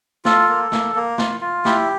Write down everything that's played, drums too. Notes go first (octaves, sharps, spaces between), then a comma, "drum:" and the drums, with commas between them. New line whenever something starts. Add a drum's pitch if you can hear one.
F4 A4, drum: snare
A#3
A#3, drum: snare
A#3
F4, drum: snare
F4
E4 G4, drum: snare